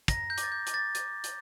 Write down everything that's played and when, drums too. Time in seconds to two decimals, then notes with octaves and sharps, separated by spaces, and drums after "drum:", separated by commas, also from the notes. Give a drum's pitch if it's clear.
0.08 A#5 A#6, drum: kick, hi-hat
0.30 G6
0.38 D6, drum: hi-hat
0.43 A6
0.52 G6
0.67 D6, drum: hi-hat
0.74 A6
0.95 D6 A6, drum: hi-hat
1.24 G6, drum: hi-hat